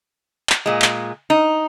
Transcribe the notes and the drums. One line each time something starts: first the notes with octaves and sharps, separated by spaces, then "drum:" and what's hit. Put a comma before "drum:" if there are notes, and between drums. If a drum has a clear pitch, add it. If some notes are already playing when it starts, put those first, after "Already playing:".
drum: clap
A#2 G#3
drum: clap
D#4